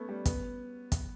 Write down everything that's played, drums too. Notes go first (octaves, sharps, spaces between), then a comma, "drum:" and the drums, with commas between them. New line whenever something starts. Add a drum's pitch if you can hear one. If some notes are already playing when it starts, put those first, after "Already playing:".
Already playing: A3 B3 C#4
G3
B3, drum: kick, hi-hat
drum: kick, hi-hat